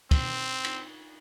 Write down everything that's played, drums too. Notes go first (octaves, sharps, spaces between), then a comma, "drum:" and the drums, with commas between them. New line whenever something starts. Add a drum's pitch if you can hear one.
C4, drum: kick, cymbal
drum: cymbal